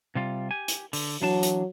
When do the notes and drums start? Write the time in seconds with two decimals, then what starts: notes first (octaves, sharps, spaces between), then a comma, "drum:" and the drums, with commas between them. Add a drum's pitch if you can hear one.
0.15 C3 G3 F4
0.51 G4 G#5
0.68 drum: hi-hat
0.93 D3, drum: open hi-hat
1.22 E3 F#3 D4 A5
1.43 drum: hi-hat